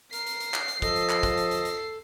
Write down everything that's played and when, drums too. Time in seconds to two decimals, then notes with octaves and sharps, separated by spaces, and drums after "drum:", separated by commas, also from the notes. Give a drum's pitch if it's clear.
0.12 A#4 C7, drum: hi-hat
0.26 drum: hi-hat
0.40 drum: hi-hat
0.54 drum: clap
0.68 drum: hi-hat
0.82 F3 A4 D#5, drum: kick, hi-hat
0.96 drum: hi-hat
1.09 drum: clap
1.23 drum: kick, hi-hat
1.37 drum: hi-hat
1.51 drum: hi-hat
1.65 drum: hi-hat